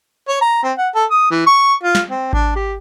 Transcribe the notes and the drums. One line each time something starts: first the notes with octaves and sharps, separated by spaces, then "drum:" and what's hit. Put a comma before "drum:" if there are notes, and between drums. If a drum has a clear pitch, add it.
C#5
A#5
C4
F#5
A4
D#6
E3
C#6
F4
drum: snare
C4
D4, drum: kick G#1
G4